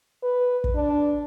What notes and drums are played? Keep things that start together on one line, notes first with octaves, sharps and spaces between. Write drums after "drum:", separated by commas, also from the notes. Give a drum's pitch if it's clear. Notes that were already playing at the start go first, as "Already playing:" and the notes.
B4
drum: kick
D4